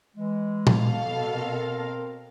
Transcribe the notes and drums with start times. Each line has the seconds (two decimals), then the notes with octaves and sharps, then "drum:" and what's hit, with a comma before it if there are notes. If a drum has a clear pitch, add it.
0.16 E3 G#3
0.67 B2 A4 F5, drum: tom
1.33 C4 A#4